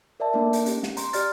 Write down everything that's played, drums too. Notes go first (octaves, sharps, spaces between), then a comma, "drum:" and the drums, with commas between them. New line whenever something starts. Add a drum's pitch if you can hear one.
A#4 D5 E5 A5
A3 A#3 D4 D#4 A#4
drum: hi-hat
C#4 G4, drum: hi-hat
drum: snare
A#5 C6, drum: hi-hat
G4 D5 F6 A6, drum: hi-hat